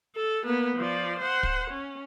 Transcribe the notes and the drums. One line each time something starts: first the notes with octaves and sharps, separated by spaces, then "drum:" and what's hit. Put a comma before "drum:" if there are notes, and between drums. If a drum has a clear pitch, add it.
A4
A#3 B3
F3 D5
C5 F#5
drum: kick
C#4